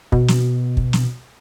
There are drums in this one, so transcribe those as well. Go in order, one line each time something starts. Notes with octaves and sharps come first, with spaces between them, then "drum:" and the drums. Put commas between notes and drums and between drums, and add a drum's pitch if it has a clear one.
B2, drum: kick
drum: snare
drum: kick
drum: snare